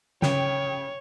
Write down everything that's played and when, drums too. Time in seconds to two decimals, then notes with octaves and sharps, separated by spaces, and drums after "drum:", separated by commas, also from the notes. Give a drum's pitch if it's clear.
0.22 C#3 C#5 G5, drum: snare